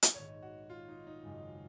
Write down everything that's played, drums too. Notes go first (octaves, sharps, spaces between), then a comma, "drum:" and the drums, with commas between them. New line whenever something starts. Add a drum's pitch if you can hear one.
drum: hi-hat
A#1 G#2 D#3 C#5
F#4
F4
D#4
D#4
G#1 F#2 C#3 G#3